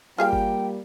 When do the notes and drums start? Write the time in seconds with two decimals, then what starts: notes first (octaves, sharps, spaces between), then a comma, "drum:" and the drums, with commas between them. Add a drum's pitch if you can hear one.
0.18 G3 A#3 F4 G#4 F5 G5
0.33 drum: kick F#1